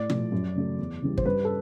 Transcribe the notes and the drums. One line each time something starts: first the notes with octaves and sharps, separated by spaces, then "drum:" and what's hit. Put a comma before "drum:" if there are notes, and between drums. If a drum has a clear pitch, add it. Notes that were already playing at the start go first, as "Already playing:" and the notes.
Already playing: A2 D5
F3 A3, drum: tom
F#2
C#3 F#3 A3
E2
C#3 E3 G3
C5, drum: kick
G2 B4
A4